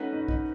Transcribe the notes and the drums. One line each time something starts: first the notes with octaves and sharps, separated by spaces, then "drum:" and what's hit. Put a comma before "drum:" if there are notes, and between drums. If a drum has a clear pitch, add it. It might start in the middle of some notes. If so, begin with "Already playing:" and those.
Already playing: A3 C#4 D#4 F#4 B4
D#4
D#4, drum: kick